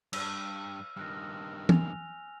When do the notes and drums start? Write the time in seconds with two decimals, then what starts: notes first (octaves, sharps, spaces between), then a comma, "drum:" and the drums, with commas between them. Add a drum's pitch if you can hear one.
0.13 G2 E6 F6, drum: cymbal
0.97 G2 D#3 F6 F#6 A#6
1.69 G#5 F7, drum: tom E3